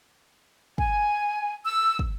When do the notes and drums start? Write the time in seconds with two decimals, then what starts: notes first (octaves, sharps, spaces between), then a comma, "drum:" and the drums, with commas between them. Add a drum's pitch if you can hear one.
0.78 G#5, drum: kick
1.65 E6
1.99 drum: kick